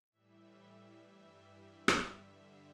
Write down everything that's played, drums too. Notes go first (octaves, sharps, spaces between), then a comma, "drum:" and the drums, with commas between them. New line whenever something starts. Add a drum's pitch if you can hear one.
A2 E3 G3 E5
G2 E3 G3 E5
drum: rim click
G2 D3 G3 E5